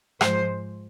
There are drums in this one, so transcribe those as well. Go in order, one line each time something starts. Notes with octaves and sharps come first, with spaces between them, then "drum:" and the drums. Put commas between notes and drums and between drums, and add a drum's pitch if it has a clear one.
G#2 F3 G#3 C5, drum: rim click